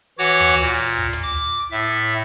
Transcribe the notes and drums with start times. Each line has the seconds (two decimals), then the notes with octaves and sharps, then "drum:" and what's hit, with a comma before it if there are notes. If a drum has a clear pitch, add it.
0.19 E3 F#4 C#5 F#5 D6
0.41 drum: tom
0.61 A#2
0.98 drum: kick
1.13 drum: tom
1.23 D6
1.71 A2 E5